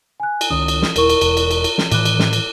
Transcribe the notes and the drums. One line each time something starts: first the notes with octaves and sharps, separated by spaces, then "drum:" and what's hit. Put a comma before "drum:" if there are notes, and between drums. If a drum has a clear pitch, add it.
G#5 F#6
drum: cymbal
C#2 D#3 C#4 D#6
drum: cymbal
drum: snare
D#1 E4 A#4 C#6, drum: cymbal
drum: cymbal
E1, drum: cymbal
drum: cymbal
drum: cymbal
drum: cymbal
drum: snare
A2 D#3 E3 D6 F#6, drum: cymbal
drum: cymbal
drum: snare
drum: cymbal